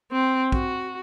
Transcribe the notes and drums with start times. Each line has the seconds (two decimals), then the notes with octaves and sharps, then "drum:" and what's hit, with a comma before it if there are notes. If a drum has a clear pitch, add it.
0.12 C4
0.52 F#4, drum: kick